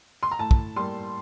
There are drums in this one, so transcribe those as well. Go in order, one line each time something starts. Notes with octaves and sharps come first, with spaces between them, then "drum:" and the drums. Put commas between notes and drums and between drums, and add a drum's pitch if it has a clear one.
C6
A#5
A2 A5
drum: kick
G3 A#3 C6